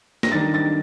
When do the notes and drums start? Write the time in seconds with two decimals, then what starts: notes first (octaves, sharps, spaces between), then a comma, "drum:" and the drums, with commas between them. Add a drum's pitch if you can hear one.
0.23 A#6, drum: snare
0.32 D#3 G3 D4 A6
0.54 A6